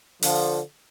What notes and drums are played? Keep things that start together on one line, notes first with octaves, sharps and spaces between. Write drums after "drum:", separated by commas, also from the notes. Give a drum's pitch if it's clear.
D3 F3, drum: open hi-hat